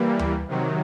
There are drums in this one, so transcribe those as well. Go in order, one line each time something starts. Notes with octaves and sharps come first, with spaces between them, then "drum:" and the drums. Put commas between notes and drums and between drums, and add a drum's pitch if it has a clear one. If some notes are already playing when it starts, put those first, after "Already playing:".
Already playing: E3 G3 A#3
drum: tom D2
C3 D#3 F#3